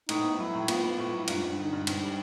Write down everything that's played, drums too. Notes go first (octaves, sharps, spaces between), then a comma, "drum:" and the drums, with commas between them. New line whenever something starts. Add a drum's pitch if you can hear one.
A2 D#4, drum: cymbal
B3
F#3 E4
A2
B3 F4, drum: cymbal
B3
A2
F#3
E4
G2 F4, drum: cymbal
G2
D3 D#4
G2
G2, drum: cymbal
G3